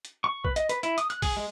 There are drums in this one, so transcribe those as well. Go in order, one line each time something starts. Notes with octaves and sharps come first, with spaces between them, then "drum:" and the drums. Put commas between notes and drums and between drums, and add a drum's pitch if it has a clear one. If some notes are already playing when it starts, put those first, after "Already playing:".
drum: hi-hat
C#6
B4, drum: kick A#1
D#5, drum: hi-hat
B4, drum: hi-hat
E4, drum: hi-hat
D#6, drum: hi-hat
F#6, drum: hi-hat
G#4, drum: kick A#1, open hi-hat
G#3